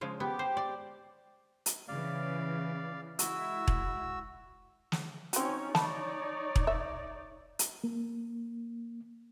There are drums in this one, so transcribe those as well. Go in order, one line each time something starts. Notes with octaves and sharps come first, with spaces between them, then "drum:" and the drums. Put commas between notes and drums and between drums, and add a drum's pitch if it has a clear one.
C#3 F3 G#3
B3 G4
C5
D5
drum: hi-hat
C#3 E3 D5 F5
G#3 E4 F#4 E6, drum: hi-hat
drum: kick E1
drum: snare
C4 C#4 D#4 F#4 C#5, drum: hi-hat
D#4 C#5 D5 A5 B5, drum: snare
drum: kick E1
E5
drum: hi-hat
A#3